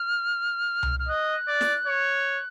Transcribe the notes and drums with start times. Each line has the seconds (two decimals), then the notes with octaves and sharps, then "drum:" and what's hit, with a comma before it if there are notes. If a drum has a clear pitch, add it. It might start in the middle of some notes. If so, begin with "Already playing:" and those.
Already playing: F6
0.83 drum: tom C2
1.00 F6
1.09 D#5 F#6
1.48 D5
1.61 drum: snare
1.87 C#5